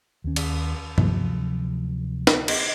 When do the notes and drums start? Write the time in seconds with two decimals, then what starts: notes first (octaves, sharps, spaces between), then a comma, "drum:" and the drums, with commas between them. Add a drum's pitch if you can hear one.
0.24 D#2 C#4
0.36 drum: cymbal
0.98 D2 C3 F3 F#3, drum: tom G2
2.27 drum: snare
2.48 drum: cymbal